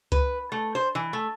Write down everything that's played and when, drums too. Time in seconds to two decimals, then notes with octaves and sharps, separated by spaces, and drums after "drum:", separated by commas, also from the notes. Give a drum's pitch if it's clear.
0.12 B4, drum: kick C#2, hi-hat
0.52 A3
0.75 C5
0.95 E3
1.13 A3